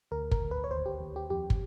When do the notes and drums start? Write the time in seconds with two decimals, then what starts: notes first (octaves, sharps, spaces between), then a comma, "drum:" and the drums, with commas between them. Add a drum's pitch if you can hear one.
0.11 D2 A#4
0.31 A#4, drum: kick
0.42 D2
0.51 B4
0.64 C#5
0.71 D#2 C5
0.86 G4
1.00 D#2
1.16 G4
1.30 F2 G4
1.50 drum: kick